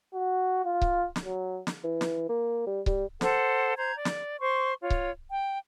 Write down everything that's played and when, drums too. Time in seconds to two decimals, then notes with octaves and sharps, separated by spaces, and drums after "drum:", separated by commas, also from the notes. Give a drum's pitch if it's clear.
0.14 F#4
0.65 F4
0.82 drum: kick C#1
1.16 drum: snare
1.25 F#3
1.67 drum: snare
1.84 E3
2.01 drum: snare
2.29 A#3
2.67 G3
2.86 G3, drum: kick C#1
3.21 A4 C5 F#5, drum: snare
3.76 C5 A#5 G6 G#6
3.96 D5
4.05 drum: snare
4.40 C5 C6 C#6
4.81 F4 C#5
4.90 drum: kick C#1
5.30 G5